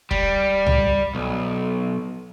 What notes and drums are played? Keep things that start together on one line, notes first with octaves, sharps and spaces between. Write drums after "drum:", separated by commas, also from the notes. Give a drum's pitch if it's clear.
G3, drum: kick
drum: tom C2
B1